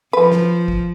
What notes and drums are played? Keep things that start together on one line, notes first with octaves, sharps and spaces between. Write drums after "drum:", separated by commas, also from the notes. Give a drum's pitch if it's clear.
F3 B4
drum: snare
drum: kick